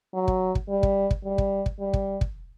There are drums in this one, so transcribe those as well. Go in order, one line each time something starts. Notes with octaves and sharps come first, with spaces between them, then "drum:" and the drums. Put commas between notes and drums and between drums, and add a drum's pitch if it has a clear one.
F#3
drum: kick
drum: kick
G3
drum: kick
drum: kick
G3
drum: kick
drum: kick
G3
drum: kick
drum: kick